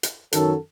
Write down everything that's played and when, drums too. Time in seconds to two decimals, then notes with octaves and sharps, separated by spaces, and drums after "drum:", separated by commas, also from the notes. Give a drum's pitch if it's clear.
0.03 drum: hi-hat
0.33 F#2 D#3 F#3 A4, drum: hi-hat